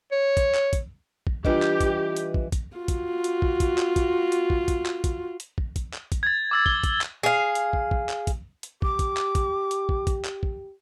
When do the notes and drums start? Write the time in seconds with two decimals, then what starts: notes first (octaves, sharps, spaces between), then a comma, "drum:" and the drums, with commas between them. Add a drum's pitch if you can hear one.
0.12 C#5
0.37 drum: kick, hi-hat
0.55 drum: clap
0.73 drum: kick, hi-hat
1.27 drum: kick
1.45 E3 G3 D4 F4 G4 B4 D#5, drum: kick
1.63 drum: clap
1.81 drum: kick, hi-hat
2.16 drum: hi-hat
2.34 drum: kick
2.52 drum: kick, hi-hat
2.77 F4 F#4
2.88 drum: kick, hi-hat
3.24 drum: hi-hat
3.42 drum: kick
3.60 drum: kick, hi-hat
3.78 drum: clap
3.96 drum: kick, hi-hat
4.32 drum: hi-hat
4.50 drum: kick
4.68 drum: kick, hi-hat
4.86 drum: clap
5.04 drum: kick, hi-hat
5.40 drum: hi-hat
5.58 drum: kick
5.76 drum: kick, hi-hat
5.94 drum: clap
6.12 drum: kick, hi-hat
6.23 G#6 A6
6.51 D6 E6 A6
6.66 G7, drum: kick
6.84 drum: kick, hi-hat
7.01 drum: clap
7.23 G#4 F5
7.55 drum: hi-hat
7.73 drum: kick
7.91 drum: kick
8.09 drum: clap
8.27 drum: kick, hi-hat
8.63 drum: hi-hat
8.82 G4 D6, drum: kick
8.99 drum: kick, hi-hat
9.17 drum: clap
9.35 drum: kick, hi-hat
9.71 drum: hi-hat
9.89 drum: kick
10.07 drum: kick, hi-hat
10.25 drum: clap
10.43 drum: kick